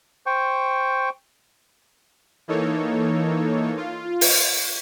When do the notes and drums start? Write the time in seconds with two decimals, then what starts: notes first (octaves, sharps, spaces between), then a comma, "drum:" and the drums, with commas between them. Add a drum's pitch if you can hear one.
0.26 C5 G5 C#6
2.48 E3 A#3 D#4 A4 C#5
3.77 F4
4.21 drum: open hi-hat